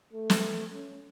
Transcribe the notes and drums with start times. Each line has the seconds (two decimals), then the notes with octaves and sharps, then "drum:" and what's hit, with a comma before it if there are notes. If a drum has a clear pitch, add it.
0.13 A3
0.30 drum: snare
0.73 C#4